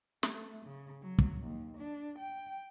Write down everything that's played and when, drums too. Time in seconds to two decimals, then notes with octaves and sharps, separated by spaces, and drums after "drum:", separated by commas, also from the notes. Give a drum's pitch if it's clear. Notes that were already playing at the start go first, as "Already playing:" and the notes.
0.23 A3, drum: snare
0.66 C#3
1.02 F#3
1.19 drum: kick
1.42 D#2
1.78 D4
2.19 G5